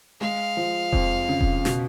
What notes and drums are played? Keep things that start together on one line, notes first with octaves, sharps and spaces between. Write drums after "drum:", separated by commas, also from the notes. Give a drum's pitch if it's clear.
G#3 F5
F3
F2, drum: kick E1
C#3
drum: kick E1
B2, drum: snare